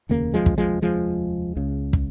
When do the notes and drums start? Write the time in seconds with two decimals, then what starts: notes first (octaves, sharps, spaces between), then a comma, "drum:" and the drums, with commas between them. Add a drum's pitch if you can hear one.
0.09 F1 D#2 C#3 A#3
0.34 F3 G#3
0.46 drum: kick
0.58 F3 G#3
0.82 F3 G#3
1.56 C#2 C#3
1.93 drum: kick